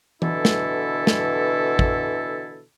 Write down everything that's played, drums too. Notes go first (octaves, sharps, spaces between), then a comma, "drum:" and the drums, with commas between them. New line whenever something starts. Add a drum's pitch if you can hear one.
B2 D3 E3 E4 A4, drum: tom E3
drum: snare
drum: snare
drum: kick